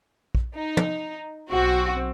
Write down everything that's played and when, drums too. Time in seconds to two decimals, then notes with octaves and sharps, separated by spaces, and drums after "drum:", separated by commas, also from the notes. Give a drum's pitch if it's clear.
0.35 drum: kick A#1
0.55 D#4
0.77 drum: tom
1.51 B1 C4 F#4